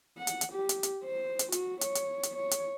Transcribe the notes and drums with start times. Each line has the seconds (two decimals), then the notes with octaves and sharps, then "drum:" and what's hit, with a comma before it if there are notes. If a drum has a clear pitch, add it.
0.18 F#5
0.27 drum: hi-hat
0.41 drum: hi-hat
0.53 G4
0.69 drum: hi-hat
0.83 drum: hi-hat
1.05 C5
1.39 drum: hi-hat
1.52 F#4, drum: hi-hat
1.81 C#5, drum: hi-hat
1.95 drum: hi-hat
2.23 drum: hi-hat
2.36 C#5
2.51 drum: hi-hat